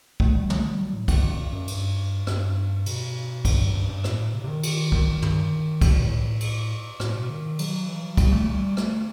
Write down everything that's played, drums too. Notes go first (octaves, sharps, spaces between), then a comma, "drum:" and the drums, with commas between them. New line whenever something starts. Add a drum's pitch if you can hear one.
A3, drum: kick
G3
A3, drum: tom
G3
F#3
A2
G2, drum: kick, cymbal
F#2
F#2
G2, drum: cymbal
G2, drum: rim click
B2, drum: cymbal
G2, drum: kick, cymbal
G2
G2
A2, drum: rim click
C3
C3
D#3
drum: cymbal
D#3, drum: kick
drum: tom
E3, drum: kick, cymbal
B2
A2
drum: cymbal
A2, drum: rim click
B2
D#3
F#3, drum: cymbal
E3
F#3
G3, drum: kick, cymbal
A3
G3
A3, drum: rim click